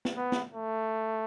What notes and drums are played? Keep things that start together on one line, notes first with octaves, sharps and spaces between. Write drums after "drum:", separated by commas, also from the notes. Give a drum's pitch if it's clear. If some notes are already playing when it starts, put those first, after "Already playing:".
drum: snare
B3
drum: snare
A3